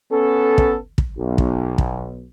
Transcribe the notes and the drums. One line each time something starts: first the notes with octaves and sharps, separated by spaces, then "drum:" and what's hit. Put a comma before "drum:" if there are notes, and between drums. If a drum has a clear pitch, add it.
B3 C#4 A4
drum: kick
drum: kick
B1
drum: kick
drum: kick